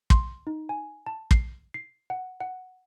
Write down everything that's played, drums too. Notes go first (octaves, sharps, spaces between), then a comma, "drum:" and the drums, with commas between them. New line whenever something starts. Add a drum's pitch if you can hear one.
C6, drum: kick
D#4
G#5
A5
C7, drum: kick
C7
F#5
F#5